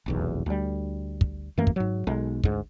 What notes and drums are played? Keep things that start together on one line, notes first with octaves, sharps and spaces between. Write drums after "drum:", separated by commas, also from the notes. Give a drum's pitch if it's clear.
F1 B1 E2
D2 G3
drum: kick
F#2 E3 A3 A#3
drum: kick
G#2 F#3
B1 G#3
D2 G#2, drum: kick